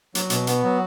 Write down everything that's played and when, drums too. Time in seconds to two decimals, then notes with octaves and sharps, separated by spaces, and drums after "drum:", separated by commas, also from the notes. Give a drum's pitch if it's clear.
0.15 F#3, drum: hi-hat
0.30 B2, drum: hi-hat
0.47 B3, drum: hi-hat
0.63 F#3